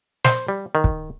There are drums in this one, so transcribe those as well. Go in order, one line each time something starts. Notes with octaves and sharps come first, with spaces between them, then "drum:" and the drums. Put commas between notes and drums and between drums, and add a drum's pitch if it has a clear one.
C5, drum: snare
G3
D#3
drum: kick